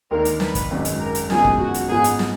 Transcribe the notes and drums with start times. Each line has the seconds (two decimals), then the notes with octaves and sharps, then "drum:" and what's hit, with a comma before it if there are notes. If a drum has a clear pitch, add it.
0.10 D#2 D#3 A#3 D4 A#4
0.25 drum: hi-hat
0.40 B4, drum: snare
0.55 drum: kick, hi-hat
0.70 G#1 F#2 D#3 G#3
0.85 drum: hi-hat
0.99 A#4
1.15 drum: hi-hat
1.30 G#1 F#2 F3 G#3 B3 G#4, drum: snare
1.44 drum: kick
1.59 F#4
1.74 drum: hi-hat
1.89 G#2 F3 B3 G#4
2.04 drum: hi-hat
2.19 drum: snare